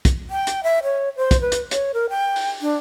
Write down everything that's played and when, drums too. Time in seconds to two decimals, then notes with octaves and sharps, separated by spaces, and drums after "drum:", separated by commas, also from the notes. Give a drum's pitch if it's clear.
0.05 drum: kick, hi-hat
0.30 G5
0.47 drum: hi-hat
0.63 E5
0.84 C#5
1.17 C5
1.31 drum: kick, hi-hat
1.41 B4
1.52 drum: hi-hat
1.71 C#5, drum: hi-hat
1.94 A#4
2.10 G5
2.36 drum: open hi-hat
2.61 D4